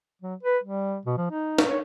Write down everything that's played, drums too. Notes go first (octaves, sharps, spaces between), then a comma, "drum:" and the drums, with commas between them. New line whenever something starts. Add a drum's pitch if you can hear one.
F#3
B4
G3
B2
F3
D#4
drum: snare
C#5